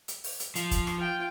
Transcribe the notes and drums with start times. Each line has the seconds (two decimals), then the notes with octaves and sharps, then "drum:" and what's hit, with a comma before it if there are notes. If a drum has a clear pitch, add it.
0.08 drum: hi-hat
0.24 drum: open hi-hat
0.40 drum: hi-hat
0.55 F3, drum: hi-hat
0.71 drum: kick, hi-hat
0.87 drum: rim click
0.97 F4 G5